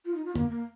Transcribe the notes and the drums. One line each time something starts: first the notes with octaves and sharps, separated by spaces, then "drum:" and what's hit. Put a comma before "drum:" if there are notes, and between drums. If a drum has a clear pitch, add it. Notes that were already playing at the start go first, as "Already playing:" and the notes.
F4
D#4
F4
A#3, drum: tom
A#3